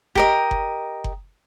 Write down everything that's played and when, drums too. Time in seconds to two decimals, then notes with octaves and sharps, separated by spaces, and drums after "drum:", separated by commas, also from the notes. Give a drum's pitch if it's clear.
0.15 G4 A#4 D#5, drum: kick F#1
0.51 drum: kick F#1
1.04 drum: kick F#1